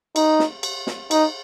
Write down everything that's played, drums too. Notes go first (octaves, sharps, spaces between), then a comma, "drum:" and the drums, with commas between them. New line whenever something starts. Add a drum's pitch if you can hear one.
D#4, drum: cymbal
drum: snare
drum: cymbal
drum: snare
D#4, drum: cymbal